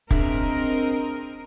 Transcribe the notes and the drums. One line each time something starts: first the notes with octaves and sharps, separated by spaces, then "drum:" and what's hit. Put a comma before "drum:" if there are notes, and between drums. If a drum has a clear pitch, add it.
C4 D4 G#4 A#4 D#5 E5, drum: kick